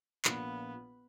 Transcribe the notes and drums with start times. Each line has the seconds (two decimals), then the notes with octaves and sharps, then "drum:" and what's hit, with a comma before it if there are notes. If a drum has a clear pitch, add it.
0.25 A#1 A#2 F3 A#3 B3 F4, drum: clap